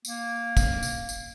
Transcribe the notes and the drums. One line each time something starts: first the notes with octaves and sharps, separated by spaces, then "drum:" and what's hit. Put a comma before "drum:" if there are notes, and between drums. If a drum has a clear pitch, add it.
A#3, drum: tambourine
drum: kick, tambourine
drum: tambourine
drum: tambourine